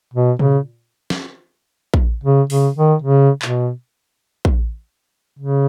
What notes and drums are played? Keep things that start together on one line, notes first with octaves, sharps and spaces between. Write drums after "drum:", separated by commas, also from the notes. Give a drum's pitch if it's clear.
B2
C#3, drum: tom A#2
drum: snare
drum: kick
C#3
C#3, drum: open hi-hat
D#3
C#3
B2, drum: clap
drum: kick
C#3